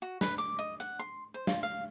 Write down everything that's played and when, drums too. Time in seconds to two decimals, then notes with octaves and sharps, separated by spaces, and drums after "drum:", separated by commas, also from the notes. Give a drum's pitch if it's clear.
0.02 F#4
0.21 B4, drum: snare
0.38 D6
0.59 D#5
0.80 F#5, drum: hi-hat
0.99 C6
1.34 C5
1.47 F4, drum: snare
1.63 F5